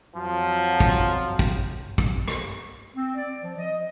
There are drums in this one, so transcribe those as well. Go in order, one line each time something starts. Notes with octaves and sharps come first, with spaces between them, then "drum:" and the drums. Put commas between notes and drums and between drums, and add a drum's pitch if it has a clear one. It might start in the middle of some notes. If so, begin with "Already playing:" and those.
F2 F3 F#3
drum: kick
drum: kick
drum: kick
drum: rim click
C4
D5
F3
D#5